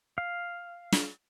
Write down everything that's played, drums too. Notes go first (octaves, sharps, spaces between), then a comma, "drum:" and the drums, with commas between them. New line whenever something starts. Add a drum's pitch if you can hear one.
F5
drum: snare